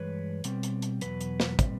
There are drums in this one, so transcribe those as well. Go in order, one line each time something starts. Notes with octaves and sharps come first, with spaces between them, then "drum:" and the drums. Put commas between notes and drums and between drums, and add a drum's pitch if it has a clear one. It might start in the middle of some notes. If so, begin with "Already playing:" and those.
Already playing: G2 E3 G#3 B4 C#5
B2 G3 C4, drum: hi-hat
drum: hi-hat
drum: hi-hat
E2 B2 F#3 B4, drum: hi-hat
drum: hi-hat
drum: snare
A#2 G3 C4, drum: kick, hi-hat